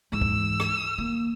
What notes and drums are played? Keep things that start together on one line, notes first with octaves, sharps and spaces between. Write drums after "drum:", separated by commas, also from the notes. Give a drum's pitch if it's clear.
G#2 E3 E6
drum: kick
drum: rim click
D#3 A#3